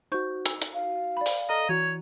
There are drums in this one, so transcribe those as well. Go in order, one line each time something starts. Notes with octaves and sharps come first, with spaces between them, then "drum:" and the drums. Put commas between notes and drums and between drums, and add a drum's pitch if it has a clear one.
D#4 F#4 C5 C#6 G6
E6, drum: hi-hat
drum: hi-hat
F5
D5 B5
drum: open hi-hat
A4 D#5 A#5 D#6 F6
E3 F#4 C#5